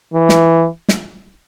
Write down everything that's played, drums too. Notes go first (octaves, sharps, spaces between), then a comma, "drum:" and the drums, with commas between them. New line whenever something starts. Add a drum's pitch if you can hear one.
E3
drum: snare
drum: snare